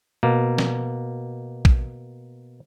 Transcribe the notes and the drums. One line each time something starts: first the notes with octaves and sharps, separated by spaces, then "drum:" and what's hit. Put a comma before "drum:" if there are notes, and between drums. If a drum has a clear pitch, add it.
B2 A#3
drum: snare
drum: kick